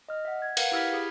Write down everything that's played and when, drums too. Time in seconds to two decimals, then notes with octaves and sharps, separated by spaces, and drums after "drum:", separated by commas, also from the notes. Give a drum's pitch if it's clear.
0.09 D#5 F6
0.25 E5 F#5
0.42 G#6
0.57 A#4 B4 F5 F#5, drum: cymbal
0.72 E4 G4 E6 F6 G#6 B6
0.93 G4 G#4